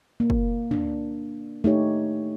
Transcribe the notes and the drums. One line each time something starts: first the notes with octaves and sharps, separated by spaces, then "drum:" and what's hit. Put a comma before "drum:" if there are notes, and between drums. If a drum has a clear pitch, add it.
A#3
drum: kick
D4, drum: tom
A3 D#4 G4 C#5